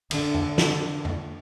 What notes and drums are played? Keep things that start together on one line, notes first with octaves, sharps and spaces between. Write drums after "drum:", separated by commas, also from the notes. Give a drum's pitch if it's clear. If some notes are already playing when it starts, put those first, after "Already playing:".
D3, drum: cymbal
drum: tom F2
drum: snare
drum: tom F2